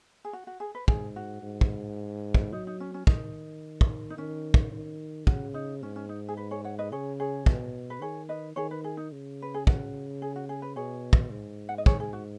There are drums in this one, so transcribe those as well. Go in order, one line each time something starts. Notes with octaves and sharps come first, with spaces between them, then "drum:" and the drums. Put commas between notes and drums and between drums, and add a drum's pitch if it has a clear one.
G#4
F#4
F#4
G#4
B4
G#2 G#4, drum: kick
F#4
G#2
drum: kick
drum: kick
F#3 D#4
D#4
C#4
C#4
D#3 D#4, drum: kick
drum: kick
D#4
D#3 C#4
drum: kick
D#3
C#3 F#4, drum: kick
D#4
G#2 C#4
C#4
D#4
G#4
B4
G#4 C#5
C#5 F#5
B4 D#5
C#3 G#4 C#5
G#4 C#5
B2, drum: kick
B4
D#3 G#4 C#5
B4 D#5
D#3 G#4 C#5
B4
G#4
D#4
C#3
B4
G#4
F#4, drum: kick
G#4
F#4
G#4
B4
B2 G#4 C#5
drum: kick
G#2
F#5
D#5
G#4 C#5, drum: kick
G#4
F#4